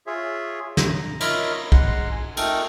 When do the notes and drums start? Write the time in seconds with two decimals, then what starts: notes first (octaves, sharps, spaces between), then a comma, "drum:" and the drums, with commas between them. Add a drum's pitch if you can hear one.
0.07 F4 G#4 C#5 E5
0.77 A#5, drum: snare
1.20 F4 A#4 C#5 D#5 E5 B5, drum: cymbal
1.72 G#3 F#5 A#5 C6, drum: kick
2.12 G#5
2.37 A3 D#4 A4 A#4 G5, drum: cymbal